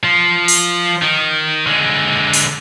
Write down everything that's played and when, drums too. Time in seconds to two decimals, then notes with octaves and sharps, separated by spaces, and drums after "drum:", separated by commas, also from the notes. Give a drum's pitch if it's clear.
0.04 F3
0.48 drum: open hi-hat
1.02 D#3
1.67 D3 G#3
2.33 drum: open hi-hat